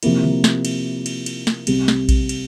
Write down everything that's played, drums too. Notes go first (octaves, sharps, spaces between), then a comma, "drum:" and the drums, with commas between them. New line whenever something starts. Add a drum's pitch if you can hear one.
C3 F3 A#3 E4, drum: cymbal
drum: tom D3
drum: snare
drum: cymbal
drum: cymbal
drum: cymbal
drum: snare
C2 C3 G3, drum: cymbal
drum: snare
drum: kick A#1, cymbal
drum: cymbal